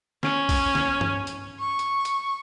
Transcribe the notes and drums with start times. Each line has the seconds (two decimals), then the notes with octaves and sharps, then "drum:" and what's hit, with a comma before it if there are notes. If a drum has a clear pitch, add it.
0.23 C#4, drum: snare
0.49 drum: kick, open hi-hat
0.75 drum: snare
1.01 drum: tom G2
1.27 drum: hi-hat
1.60 C#6
1.79 drum: hi-hat
2.05 drum: hi-hat